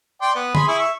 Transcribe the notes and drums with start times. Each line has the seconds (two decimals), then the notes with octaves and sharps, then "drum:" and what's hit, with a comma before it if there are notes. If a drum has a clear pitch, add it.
0.22 D5 G5 C6
0.35 B3
0.55 G#4 B5 C6, drum: tom
0.68 E4 G#4 C#6
0.79 E5 C#6